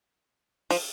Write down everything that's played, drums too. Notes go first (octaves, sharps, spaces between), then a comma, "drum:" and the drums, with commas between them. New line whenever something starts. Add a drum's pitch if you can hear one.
F3, drum: open hi-hat